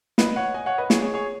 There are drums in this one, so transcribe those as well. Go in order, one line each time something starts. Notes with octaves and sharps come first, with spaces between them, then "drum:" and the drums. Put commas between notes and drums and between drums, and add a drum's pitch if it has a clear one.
B4 D#5, drum: snare
C#5 F#5
D#5 G#5
C#5 F#5
B4 D#5
G#4 C#5, drum: snare
G#4 C#5
G#4 C#5